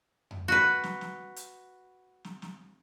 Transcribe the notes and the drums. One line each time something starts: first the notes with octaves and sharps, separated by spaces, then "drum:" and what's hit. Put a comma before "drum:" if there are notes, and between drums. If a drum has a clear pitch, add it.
drum: tom F2
F#4 B4
drum: snare
drum: snare
drum: hi-hat
drum: snare
drum: snare